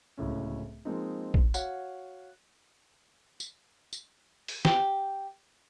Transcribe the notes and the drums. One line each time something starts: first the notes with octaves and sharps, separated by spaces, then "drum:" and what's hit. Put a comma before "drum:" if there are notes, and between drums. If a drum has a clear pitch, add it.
D1 C#2 A2 C#4
F3 G#3 A#3 C4 D#4
drum: kick A1
F#4 C#5 F5 F#5, drum: tambourine
drum: tambourine
drum: tambourine
drum: open hi-hat
G4, drum: snare